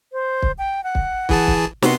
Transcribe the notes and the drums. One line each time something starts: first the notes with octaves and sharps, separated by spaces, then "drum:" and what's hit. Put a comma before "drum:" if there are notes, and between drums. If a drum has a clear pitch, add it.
C5
drum: kick
G5
F#5
drum: kick
E3 G#4 A5, drum: kick
drum: kick
C3 B3 F#4 C6, drum: snare